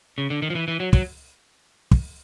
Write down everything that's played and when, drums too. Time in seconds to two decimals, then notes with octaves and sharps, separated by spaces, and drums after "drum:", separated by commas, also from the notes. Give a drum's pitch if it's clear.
0.18 C#3
0.30 D3
0.42 D#3
0.50 F3
0.55 E3
0.68 E3
0.80 F#3
0.93 F#3, drum: kick
1.91 drum: kick